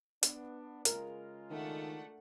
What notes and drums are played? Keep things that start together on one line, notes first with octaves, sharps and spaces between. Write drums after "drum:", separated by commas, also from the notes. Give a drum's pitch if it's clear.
B3 D4, drum: hi-hat
C#3 G#3 F4 A#4, drum: hi-hat
D#3 A3 D4 F#5